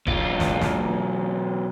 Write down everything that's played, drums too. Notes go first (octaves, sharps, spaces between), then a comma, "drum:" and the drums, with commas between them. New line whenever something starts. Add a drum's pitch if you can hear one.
B1 F4, drum: kick E1
drum: snare
drum: snare